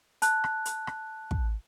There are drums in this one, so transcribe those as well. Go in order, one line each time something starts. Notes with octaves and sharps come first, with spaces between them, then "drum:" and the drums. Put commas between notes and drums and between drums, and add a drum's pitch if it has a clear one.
A5 F#6, drum: hi-hat
drum: rim click
drum: hi-hat
drum: rim click
drum: kick